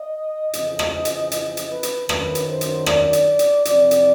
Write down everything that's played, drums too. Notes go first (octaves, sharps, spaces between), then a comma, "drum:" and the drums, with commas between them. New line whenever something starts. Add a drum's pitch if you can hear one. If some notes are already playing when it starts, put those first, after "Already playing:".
Already playing: D#5
F2 C#3 E3, drum: hi-hat
drum: rim click
drum: hi-hat
D#5, drum: hi-hat
drum: hi-hat
B4
drum: hi-hat
F#2 D#3 B4, drum: rim click
drum: hi-hat
C5
drum: hi-hat
D5, drum: rim click
drum: hi-hat
drum: hi-hat
F2 C3 E3 D5, drum: hi-hat
drum: hi-hat